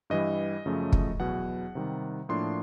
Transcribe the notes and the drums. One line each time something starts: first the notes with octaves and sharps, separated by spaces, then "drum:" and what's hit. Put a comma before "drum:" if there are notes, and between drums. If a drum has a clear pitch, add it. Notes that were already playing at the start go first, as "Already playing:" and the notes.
G2 E3 G3 D#5
F#2 C#3 F3 A3
drum: kick
E2 B2 F#3 F#5
C3 D#3 G3
A2 F3 A#3 D4 C6